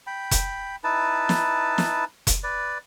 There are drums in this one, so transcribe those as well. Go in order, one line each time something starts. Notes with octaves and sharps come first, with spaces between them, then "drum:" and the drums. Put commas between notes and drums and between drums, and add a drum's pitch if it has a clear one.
G5 B5
drum: kick F1, hi-hat
D#4 E4 B4 A5
drum: snare
drum: snare
drum: kick F1, hi-hat
B4 D5